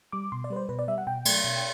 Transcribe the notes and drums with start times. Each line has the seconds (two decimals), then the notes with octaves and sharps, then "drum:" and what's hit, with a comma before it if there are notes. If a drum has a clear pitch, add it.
0.12 G3 D6
0.32 B2 C6
0.44 D5
0.50 G3 B4
0.56 C5
0.69 B2 B4
0.79 D5
0.88 G3 E5
0.98 F#5
1.07 B2 G5
1.25 F#3 A3, drum: cymbal
1.44 B2